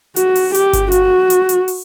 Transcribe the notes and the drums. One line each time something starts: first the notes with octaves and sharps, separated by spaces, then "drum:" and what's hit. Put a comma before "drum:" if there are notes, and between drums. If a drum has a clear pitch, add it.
F#4, drum: hi-hat
drum: open hi-hat
G4, drum: hi-hat
drum: kick G1, hi-hat
F#4, drum: hi-hat
drum: hi-hat
drum: hi-hat
drum: open hi-hat